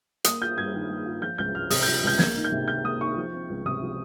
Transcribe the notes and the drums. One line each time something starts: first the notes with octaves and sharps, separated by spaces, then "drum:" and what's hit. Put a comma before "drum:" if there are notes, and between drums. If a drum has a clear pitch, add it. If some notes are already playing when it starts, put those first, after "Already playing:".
A#3 D#6, drum: hi-hat
F4 G6
G2 G#6
D#3
A#3
F4
F3 G6
C#2 G6
C#2 F6
C3 D#6, drum: open hi-hat
F3 G6
C#2 G6
A#3 G#6, drum: snare
D#4
G6
C3
D#3 G6
A#3 D#6
D#4 C#6
F3
C4
C#2
C3 D#6
F3